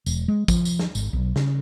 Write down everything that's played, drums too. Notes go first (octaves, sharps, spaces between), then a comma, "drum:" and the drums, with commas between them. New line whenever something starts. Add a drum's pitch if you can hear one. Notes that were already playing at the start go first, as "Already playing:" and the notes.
E1, drum: tambourine
G#3
F3, drum: kick, tambourine
drum: tambourine
drum: snare
G#1, drum: tambourine
B1
C#3, drum: snare